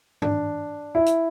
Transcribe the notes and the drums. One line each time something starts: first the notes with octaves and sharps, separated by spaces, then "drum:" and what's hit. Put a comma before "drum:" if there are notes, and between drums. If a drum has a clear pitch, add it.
D4, drum: tom G2
E4
drum: hi-hat